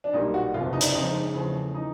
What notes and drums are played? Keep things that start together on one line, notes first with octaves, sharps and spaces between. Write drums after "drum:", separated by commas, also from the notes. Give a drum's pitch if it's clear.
D4
B1 A#2 G3 D#4
F#4
F#1 E2 C3 E3 F4
D#4
D4, drum: hi-hat
F2 C#3 F3 G#3 D#4
E2 C#3 F3 A3
E3 D#4